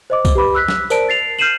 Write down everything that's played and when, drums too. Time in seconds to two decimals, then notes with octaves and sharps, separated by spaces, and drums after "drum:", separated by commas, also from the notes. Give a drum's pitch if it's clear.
0.10 C5 D#5 D6
0.25 drum: kick C2, tambourine
0.35 G4 B4 B5 D6
0.55 E6 F#6 B6
0.68 drum: snare
0.90 A#4 C5 D5 A5 D7, drum: tambourine
1.09 A6 C7 F7
1.39 F6 G6 C7 D#7 E7 F#7